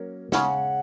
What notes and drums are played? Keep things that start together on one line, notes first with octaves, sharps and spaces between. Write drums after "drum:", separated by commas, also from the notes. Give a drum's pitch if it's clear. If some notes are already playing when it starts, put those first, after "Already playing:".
Already playing: F#3 A#3 C#4 A#4
C#3 G#3 C#4 F#5, drum: snare